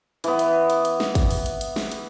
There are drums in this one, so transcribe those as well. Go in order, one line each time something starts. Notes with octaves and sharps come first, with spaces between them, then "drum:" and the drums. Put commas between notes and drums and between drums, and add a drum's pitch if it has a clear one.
E3 B3, drum: hi-hat
drum: hi-hat
drum: hi-hat
drum: hi-hat
drum: snare
drum: kick, hi-hat
drum: open hi-hat
drum: hi-hat
drum: hi-hat
drum: snare
drum: hi-hat